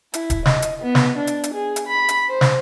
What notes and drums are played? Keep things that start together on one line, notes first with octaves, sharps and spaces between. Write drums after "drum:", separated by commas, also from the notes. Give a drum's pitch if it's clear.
E4, drum: hi-hat
drum: kick D1, hi-hat
D#5, drum: snare
drum: hi-hat
B3
drum: snare
D4
drum: hi-hat
drum: hi-hat
G#4
drum: hi-hat
B5
drum: hi-hat
C5
drum: snare